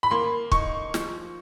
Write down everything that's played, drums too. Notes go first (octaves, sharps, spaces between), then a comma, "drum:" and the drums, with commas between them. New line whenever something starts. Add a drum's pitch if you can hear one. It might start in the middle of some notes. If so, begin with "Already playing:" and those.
B5
A#3 C6
D#4 C#6, drum: kick
F3, drum: snare